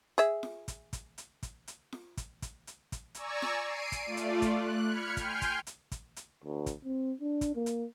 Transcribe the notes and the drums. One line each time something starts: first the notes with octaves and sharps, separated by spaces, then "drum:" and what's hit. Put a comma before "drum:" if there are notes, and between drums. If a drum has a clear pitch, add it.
G#4 E5, drum: hi-hat
drum: snare
drum: kick, hi-hat
drum: kick, hi-hat
drum: hi-hat
drum: kick, hi-hat
drum: hi-hat
drum: snare
drum: kick, hi-hat
drum: kick, hi-hat
drum: hi-hat
drum: kick, hi-hat
D5 G#5 A#5 C#6 E6, drum: hi-hat
drum: snare
C7 D7 D#7
drum: kick, hi-hat
A3 F4 D5
drum: hi-hat
drum: kick, hi-hat
F#6
B5 F6 G#6 C#7
G5 G#5 C6 F6 G6, drum: kick, hi-hat
drum: kick, hi-hat
drum: hi-hat
drum: kick, hi-hat
drum: hi-hat
D2
drum: kick, hi-hat
C4
D4
drum: kick, hi-hat
A#3
drum: hi-hat